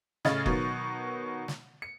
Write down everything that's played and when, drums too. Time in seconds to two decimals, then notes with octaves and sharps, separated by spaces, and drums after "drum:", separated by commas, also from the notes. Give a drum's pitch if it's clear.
0.25 A2 C#3 G#4 D#5 F5 A6, drum: snare
0.46 B2 D#3 F#3 B3, drum: kick F1
1.48 drum: snare
1.82 C#7